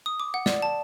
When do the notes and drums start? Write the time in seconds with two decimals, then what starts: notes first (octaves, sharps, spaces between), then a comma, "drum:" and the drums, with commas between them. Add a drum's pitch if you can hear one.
0.06 D#6
0.20 D6
0.34 F#5
0.46 D5, drum: snare
0.62 A5